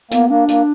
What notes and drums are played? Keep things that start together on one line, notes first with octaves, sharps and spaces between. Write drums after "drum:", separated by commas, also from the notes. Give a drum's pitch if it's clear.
A#3 B3, drum: hi-hat
A#3 D4
A#3, drum: hi-hat